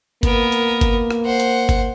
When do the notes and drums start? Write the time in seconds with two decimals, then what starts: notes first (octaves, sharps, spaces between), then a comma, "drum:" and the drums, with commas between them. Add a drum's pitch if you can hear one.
0.23 A#3 B3 A#4, drum: kick G1, hi-hat
0.52 drum: hi-hat
0.81 drum: kick G1, hi-hat
1.11 drum: rim click
1.25 C5 F#5
1.40 drum: hi-hat
1.69 drum: kick G1, hi-hat